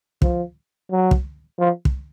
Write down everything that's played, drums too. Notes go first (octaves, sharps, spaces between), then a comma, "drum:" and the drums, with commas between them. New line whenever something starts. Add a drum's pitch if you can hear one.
F3, drum: kick
F#3
drum: kick
F3
drum: kick